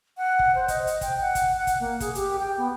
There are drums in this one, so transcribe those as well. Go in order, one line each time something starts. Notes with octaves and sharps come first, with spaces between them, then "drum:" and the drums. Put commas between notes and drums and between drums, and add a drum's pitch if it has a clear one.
F#5
drum: kick
C5
D#5, drum: kick, hi-hat
drum: hi-hat
G5, drum: kick, hi-hat
F#5
drum: kick, hi-hat
F#5
drum: kick, hi-hat
A#3
G#4, drum: kick, hi-hat
G4, drum: hi-hat
G5
B3